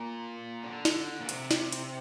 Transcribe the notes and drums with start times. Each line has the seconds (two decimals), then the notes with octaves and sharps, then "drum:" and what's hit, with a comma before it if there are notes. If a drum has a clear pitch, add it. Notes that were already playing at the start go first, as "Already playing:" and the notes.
Already playing: A#2
0.63 D3
0.85 drum: snare
1.19 A#2
1.29 C3, drum: hi-hat
1.51 drum: snare
1.72 drum: hi-hat